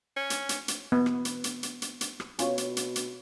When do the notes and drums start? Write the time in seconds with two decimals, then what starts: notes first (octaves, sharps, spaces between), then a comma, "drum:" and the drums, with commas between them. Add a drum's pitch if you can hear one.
0.17 C#4
0.30 drum: hi-hat
0.49 drum: hi-hat
0.68 drum: hi-hat
0.92 B3
1.06 drum: rim click
1.25 drum: hi-hat
1.44 drum: hi-hat
1.63 drum: hi-hat
1.82 drum: hi-hat
2.01 drum: hi-hat
2.20 drum: rim click
2.39 B2 C#4 F4 C#5, drum: hi-hat
2.58 drum: hi-hat
2.77 drum: hi-hat
2.96 drum: hi-hat